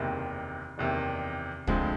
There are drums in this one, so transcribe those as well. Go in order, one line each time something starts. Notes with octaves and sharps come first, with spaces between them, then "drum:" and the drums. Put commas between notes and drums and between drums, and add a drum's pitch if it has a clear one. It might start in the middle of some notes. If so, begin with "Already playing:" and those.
Already playing: F#1 E2 C3 D#3
F#1 E2 C3 D#3
D2 D3 F3 G#3 C4, drum: kick